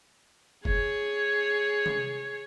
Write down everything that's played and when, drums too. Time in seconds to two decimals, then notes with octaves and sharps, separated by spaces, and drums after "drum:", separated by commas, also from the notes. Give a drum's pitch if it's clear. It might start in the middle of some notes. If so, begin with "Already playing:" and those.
0.65 G#4 C#5, drum: kick
1.86 drum: tom C3